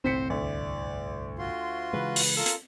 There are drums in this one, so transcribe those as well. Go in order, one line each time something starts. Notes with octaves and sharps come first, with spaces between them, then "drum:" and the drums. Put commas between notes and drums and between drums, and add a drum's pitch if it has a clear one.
G1 C2 A2 C4 C5 B6 C#7
D2 D5
F4 F#4 C6
C#3 E3 G#3 B4
drum: open hi-hat
F4 A4 A#4
drum: hi-hat